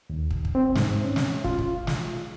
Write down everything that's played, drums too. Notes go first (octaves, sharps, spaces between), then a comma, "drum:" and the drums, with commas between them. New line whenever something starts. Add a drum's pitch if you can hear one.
D#2
drum: kick
drum: kick
C4
G#2, drum: snare
C#4
drum: snare
F4, drum: kick
drum: kick
drum: snare